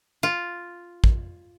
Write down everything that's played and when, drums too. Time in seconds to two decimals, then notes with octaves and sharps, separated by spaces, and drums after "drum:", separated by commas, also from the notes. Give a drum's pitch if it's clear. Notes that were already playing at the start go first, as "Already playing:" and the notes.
0.23 F4
1.04 drum: kick